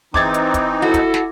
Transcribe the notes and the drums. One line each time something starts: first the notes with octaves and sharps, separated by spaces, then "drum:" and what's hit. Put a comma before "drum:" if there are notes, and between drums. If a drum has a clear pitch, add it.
E3 C4 D#4 D6 G#6 A6, drum: kick
drum: hi-hat
drum: kick, hi-hat
E4 F#4 A4
drum: kick, hi-hat
drum: snare